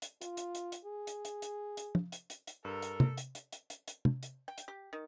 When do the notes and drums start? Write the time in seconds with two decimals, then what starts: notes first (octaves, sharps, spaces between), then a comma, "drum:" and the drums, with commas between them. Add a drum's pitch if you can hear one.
0.02 drum: hi-hat
0.21 F4, drum: hi-hat
0.37 drum: hi-hat
0.55 drum: hi-hat
0.72 drum: hi-hat
0.85 G#4
1.07 drum: hi-hat
1.25 drum: hi-hat
1.42 drum: hi-hat
1.77 drum: hi-hat
1.95 drum: tom
2.12 drum: hi-hat
2.30 drum: hi-hat
2.47 drum: hi-hat
2.65 G2 A4 A#4
2.82 drum: hi-hat
3.00 drum: tom C3
3.17 drum: hi-hat
3.35 drum: hi-hat
3.53 drum: hi-hat
3.70 drum: hi-hat
3.88 drum: hi-hat
4.05 drum: tom
4.23 drum: hi-hat
4.48 G5
4.58 drum: hi-hat
4.68 G4
4.93 D#3